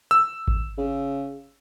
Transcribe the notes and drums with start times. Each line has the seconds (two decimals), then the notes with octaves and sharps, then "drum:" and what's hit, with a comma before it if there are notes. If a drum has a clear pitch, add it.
0.11 E6
0.48 drum: kick G#1
0.78 C#3